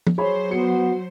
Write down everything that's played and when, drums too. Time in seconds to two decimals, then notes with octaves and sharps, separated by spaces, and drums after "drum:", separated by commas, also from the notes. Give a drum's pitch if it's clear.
0.07 drum: tom
0.18 F#3 G#4 C5 C#5 B5
0.51 B3 F#4 C#7